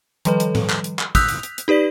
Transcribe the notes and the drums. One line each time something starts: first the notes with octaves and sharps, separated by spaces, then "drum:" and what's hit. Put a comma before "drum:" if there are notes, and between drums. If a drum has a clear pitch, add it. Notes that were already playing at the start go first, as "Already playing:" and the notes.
D#3 F3 G3 A4 B4, drum: hi-hat
drum: hi-hat
drum: tom A2
drum: clap
drum: hi-hat
drum: clap
D#6 E6 F#6 G6 B6 F7, drum: kick, hi-hat
drum: hi-hat
drum: hi-hat
drum: hi-hat
D#4 G4 B4 D5 B6